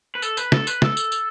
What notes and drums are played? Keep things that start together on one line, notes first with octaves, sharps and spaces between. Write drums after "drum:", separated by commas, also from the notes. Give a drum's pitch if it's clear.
B4
A4, drum: tambourine
B4, drum: tambourine
A4, drum: snare
B4, drum: tambourine
A4, drum: snare
drum: tambourine
drum: tambourine